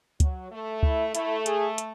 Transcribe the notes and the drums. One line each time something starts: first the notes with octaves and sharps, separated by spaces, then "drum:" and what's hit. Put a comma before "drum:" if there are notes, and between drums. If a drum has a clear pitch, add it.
F#3, drum: kick C#2, hi-hat
A3
E4, drum: kick C#2
A3 E4, drum: hi-hat
G#4, drum: hi-hat
drum: hi-hat